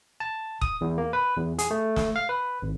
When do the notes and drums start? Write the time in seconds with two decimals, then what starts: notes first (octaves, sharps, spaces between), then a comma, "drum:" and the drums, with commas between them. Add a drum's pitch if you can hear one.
0.20 A5
0.61 D#6, drum: kick
0.81 E2
0.98 A#3
1.13 B4
1.37 E2
1.59 G#4, drum: hi-hat
1.71 A3
1.96 drum: snare
2.16 F5
2.29 B4
2.62 G#1